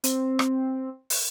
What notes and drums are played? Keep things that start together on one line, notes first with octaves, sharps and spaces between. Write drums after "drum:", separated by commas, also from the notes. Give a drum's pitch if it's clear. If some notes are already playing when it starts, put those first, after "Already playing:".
C4, drum: hi-hat
drum: rim click
drum: open hi-hat